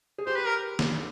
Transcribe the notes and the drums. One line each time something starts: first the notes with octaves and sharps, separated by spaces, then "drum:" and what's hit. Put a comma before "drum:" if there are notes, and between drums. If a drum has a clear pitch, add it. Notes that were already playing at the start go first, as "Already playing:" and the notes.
G#4
G4 C5
B4
A#4
drum: snare